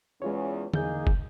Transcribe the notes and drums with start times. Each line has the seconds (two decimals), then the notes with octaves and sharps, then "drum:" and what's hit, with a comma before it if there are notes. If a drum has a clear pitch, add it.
0.22 E2 G#3 C#4 F4 C#5
0.74 E2 A#3 D#4 G#4 G6, drum: tom D3
1.07 drum: kick